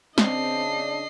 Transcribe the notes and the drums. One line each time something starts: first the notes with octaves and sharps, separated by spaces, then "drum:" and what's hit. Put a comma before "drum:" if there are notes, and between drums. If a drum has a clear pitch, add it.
C#3 C4 D4 D#5 C7, drum: snare